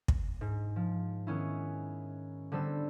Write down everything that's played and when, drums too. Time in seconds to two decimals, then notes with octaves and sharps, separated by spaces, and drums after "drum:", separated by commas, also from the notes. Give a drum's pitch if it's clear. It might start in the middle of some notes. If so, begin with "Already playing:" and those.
0.08 drum: kick
0.41 G#2
0.76 F3
1.27 D#3 B3 C#4 E4
2.52 D3 G3 B3 A4 C5 E6